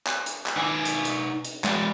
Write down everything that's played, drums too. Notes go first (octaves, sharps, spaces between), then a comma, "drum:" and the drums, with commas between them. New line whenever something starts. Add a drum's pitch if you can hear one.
drum: clap
drum: hi-hat
drum: clap
D#4 B4 G#5
drum: hi-hat
drum: hi-hat
drum: hi-hat
G#3 D5, drum: clap